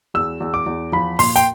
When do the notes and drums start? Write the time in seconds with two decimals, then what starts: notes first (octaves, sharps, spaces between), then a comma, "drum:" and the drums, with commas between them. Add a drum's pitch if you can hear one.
0.14 E2 E6
0.40 E2
0.54 D6
0.66 E2
0.92 F3 B5
1.19 A#2 C6, drum: open hi-hat
1.36 G5, drum: hi-hat